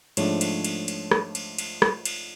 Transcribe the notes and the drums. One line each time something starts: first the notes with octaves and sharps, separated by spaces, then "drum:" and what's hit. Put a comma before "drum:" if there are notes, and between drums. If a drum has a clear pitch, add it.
G#2 F3 A3 D4 C#5, drum: cymbal
drum: cymbal
drum: cymbal
drum: cymbal
drum: rim click
drum: cymbal
drum: cymbal
drum: rim click
drum: cymbal